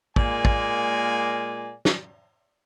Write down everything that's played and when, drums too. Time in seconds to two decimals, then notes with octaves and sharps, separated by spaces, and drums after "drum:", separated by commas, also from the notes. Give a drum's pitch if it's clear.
0.16 A#2 G#3 A#3 D5 G#5, drum: kick
0.45 drum: kick
1.85 drum: snare